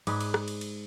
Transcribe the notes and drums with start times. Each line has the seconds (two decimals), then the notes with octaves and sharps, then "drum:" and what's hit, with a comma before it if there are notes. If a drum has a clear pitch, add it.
0.07 G#2 G#4 B4 D5, drum: cymbal
0.21 drum: cymbal
0.34 drum: rim click
0.48 drum: cymbal
0.61 drum: cymbal